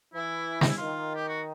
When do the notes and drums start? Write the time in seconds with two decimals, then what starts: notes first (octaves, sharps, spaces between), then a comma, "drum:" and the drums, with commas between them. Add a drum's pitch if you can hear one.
0.14 E3 E4
0.61 D#4, drum: snare
0.69 E4
0.77 D#3 F4
1.15 G4
1.28 F#4